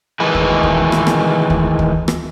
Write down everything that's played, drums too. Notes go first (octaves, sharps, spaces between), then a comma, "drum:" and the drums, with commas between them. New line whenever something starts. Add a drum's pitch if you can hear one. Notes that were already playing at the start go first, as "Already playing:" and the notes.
D#3 E3 G#3 A3 G#4 B4
drum: kick
drum: kick
drum: rim click
drum: rim click
drum: kick
drum: kick
drum: rim click